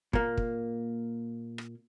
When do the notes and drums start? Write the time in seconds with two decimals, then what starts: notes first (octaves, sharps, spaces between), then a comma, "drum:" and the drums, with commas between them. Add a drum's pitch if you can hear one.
0.13 A#2 A#3, drum: kick
0.38 drum: kick
1.58 drum: rim click